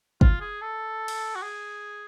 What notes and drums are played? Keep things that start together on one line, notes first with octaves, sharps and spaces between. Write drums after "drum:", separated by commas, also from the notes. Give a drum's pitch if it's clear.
F4, drum: kick
G#4
A4
drum: cymbal
F#4
G#4